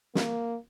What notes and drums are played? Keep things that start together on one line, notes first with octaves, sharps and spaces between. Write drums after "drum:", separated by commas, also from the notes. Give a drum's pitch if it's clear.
A#3, drum: snare